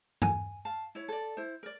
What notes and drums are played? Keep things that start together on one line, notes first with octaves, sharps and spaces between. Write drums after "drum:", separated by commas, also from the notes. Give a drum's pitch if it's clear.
G#5, drum: tom
F5 A5
E4 C#5
A4 D5
E4 C5
A#4 D5